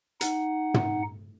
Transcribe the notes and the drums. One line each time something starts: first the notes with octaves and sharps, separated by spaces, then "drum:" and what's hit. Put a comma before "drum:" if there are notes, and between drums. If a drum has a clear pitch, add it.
D#4 F#5, drum: hi-hat
drum: tom